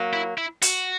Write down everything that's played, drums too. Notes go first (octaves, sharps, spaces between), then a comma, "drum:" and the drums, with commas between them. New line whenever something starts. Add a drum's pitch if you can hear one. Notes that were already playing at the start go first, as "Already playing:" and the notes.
Already playing: F#3 A#3
E4
E4
F#4, drum: hi-hat